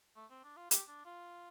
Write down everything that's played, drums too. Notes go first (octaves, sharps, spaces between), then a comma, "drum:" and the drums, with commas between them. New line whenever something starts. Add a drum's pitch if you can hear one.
A3
C4
D4
F4
G4, drum: hi-hat
D4
F4